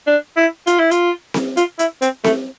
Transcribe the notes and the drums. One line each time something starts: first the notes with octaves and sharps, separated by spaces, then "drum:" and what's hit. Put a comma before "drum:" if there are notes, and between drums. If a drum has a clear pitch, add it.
D4
E4
F4, drum: hi-hat
E4
F4, drum: hi-hat
drum: snare C4
F4, drum: hi-hat
E4, drum: hi-hat
C4, drum: hi-hat
A3, drum: snare C4